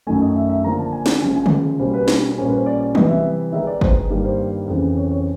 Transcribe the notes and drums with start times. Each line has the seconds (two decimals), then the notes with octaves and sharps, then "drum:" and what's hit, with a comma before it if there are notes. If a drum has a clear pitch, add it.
0.07 F#2 D#3 F#3 A3 G#5
0.21 D#5
0.36 E5
0.49 E5
0.64 D3 F3 A#3 D4 A#5
0.79 A5
0.93 G#5
1.06 drum: snare
1.22 C#3 F3 G#3 G#5
1.36 G#5
1.46 drum: tom C#3
1.79 B2 G3 A#3 C#4 C5
1.94 B4
2.08 drum: snare
2.38 A#2 G3 A#3 C#4 C5
2.47 B4
2.57 C5
2.66 D5
2.81 D5
2.95 C3 E3 G3 B3 D#5, drum: tom E3
3.09 E5
3.52 D#3 G#3 B3 D#4 E5
3.67 D5
3.81 C5, drum: kick
4.10 G2 D#3 G3 A#3
4.25 C5
4.68 F2 C#3 E3
4.97 C#5
5.11 C#5